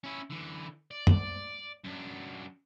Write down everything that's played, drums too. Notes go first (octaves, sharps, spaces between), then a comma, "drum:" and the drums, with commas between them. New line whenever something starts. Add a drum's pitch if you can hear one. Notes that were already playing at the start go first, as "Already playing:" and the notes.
C#4 E4
D3 E3
D5
drum: tom
F#2 D4